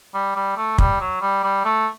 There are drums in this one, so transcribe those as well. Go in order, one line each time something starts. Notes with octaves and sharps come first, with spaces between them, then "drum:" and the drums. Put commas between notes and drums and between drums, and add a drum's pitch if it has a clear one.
G3
G3
A3
G3, drum: kick
F#3
G3
G3
A3